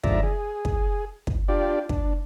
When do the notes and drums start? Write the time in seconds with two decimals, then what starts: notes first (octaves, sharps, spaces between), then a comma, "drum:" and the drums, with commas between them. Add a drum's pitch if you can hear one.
0.04 G#2 D3 F3 D5 E5 A#5, drum: kick
0.23 G#4
0.65 drum: kick
1.27 drum: kick
1.48 D4 F4 G4 D5
1.89 D4, drum: kick